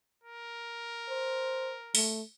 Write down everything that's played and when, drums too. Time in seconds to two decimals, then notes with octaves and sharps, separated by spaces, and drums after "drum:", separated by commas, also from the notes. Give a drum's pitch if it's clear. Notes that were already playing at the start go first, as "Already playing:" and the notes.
0.23 A#4
1.09 C5
1.95 A3, drum: open hi-hat